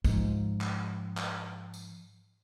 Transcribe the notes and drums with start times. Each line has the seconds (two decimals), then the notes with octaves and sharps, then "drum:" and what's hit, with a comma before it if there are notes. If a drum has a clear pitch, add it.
0.05 G#2 F3, drum: kick, tambourine
0.61 drum: clap
1.17 drum: clap
1.74 drum: tambourine